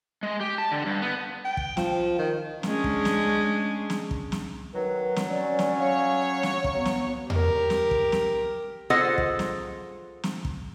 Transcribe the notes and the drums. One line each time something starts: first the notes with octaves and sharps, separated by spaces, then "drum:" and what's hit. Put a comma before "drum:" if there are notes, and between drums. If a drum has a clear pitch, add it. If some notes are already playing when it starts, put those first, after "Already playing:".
G#3
G4
A5
D3
G2
B3
G5
drum: kick
F3, drum: snare
D#3
G#3 C#4 D4, drum: snare
drum: kick
drum: snare
drum: snare
drum: kick
drum: snare
D#3 F#3 B4
drum: snare
C#4 D5
drum: snare
C#5 F5
drum: snare
drum: kick
F#3 B3
drum: snare
G4 A#4, drum: tom E2
drum: snare
drum: kick
drum: snare
F4 G#4 A4 C5 D#5 F#5
drum: kick
drum: snare
drum: snare
drum: kick